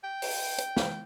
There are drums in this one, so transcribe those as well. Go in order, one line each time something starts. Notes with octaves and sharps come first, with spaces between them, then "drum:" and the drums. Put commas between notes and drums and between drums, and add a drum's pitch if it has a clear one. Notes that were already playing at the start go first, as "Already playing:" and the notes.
G5
drum: open hi-hat
drum: hi-hat
drum: snare